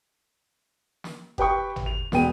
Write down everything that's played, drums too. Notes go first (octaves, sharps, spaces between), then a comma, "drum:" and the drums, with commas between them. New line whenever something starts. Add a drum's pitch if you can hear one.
drum: snare
G4 B4 G5 C#6, drum: kick F#1
drum: tom G#1
F7
E1 B3 G#4 G5 D#7, drum: snare